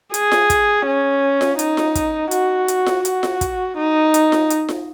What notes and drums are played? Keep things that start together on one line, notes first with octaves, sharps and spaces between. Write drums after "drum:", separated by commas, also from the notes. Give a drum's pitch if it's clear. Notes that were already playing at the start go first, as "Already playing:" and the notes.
G#4, drum: hi-hat
drum: snare F4
drum: kick, hi-hat
C#4
drum: snare F4
D#4, drum: hi-hat
drum: snare F4
drum: kick, hi-hat
F#4, drum: hi-hat
drum: hi-hat
drum: snare F4
F#4, drum: hi-hat
drum: snare F4
drum: kick, hi-hat
D#4
drum: hi-hat
drum: snare F4
drum: hi-hat
drum: snare F4